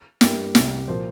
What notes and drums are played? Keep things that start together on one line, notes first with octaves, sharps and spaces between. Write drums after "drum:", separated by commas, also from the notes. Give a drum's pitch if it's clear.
G2 G3 A#3 G4, drum: snare
C2 C3 G3, drum: snare
A#2 F3 A#3 C5